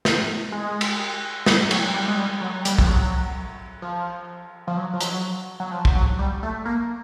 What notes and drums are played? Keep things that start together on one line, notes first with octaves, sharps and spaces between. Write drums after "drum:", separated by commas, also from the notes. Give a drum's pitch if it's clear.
drum: snare
G#3
drum: cymbal
G3, drum: snare
F#3, drum: cymbal
G3
G#3
G3
F#3
G3, drum: hi-hat
F3, drum: kick
F#3
F3
F3
F#3
F3
F#3, drum: hi-hat
F#3
F3
drum: kick
F#3
G3
A3
A#3